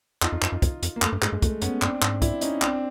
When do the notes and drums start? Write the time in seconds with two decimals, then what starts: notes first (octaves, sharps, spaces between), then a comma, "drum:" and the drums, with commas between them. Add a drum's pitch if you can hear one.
0.22 F2 D#4 F4, drum: clap
0.32 F2
0.42 F#2, drum: clap
0.52 F#2
0.62 F2, drum: kick, hi-hat
0.83 F2, drum: hi-hat
0.96 A#3
1.02 F#2 A3, drum: clap
1.12 G2
1.22 G#2 G#3, drum: clap
1.33 G2
1.42 F2 A3, drum: kick, hi-hat
1.62 F#2 B3 C#4, drum: hi-hat
1.82 G2 C4 D4, drum: clap
2.02 G#2, drum: clap
2.22 D4 E4, drum: kick, hi-hat
2.41 C#4 D#4, drum: hi-hat
2.62 C4 D4, drum: clap